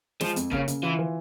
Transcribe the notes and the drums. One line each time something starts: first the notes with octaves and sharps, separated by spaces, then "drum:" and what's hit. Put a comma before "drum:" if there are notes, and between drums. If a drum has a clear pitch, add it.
F3 G#3, drum: snare
F2, drum: hi-hat
C#3 A#3, drum: kick
C#3, drum: hi-hat
E3 F4
E3